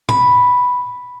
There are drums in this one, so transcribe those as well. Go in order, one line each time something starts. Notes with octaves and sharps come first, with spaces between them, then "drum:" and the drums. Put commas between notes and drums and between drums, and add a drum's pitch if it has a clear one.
B5, drum: tom A2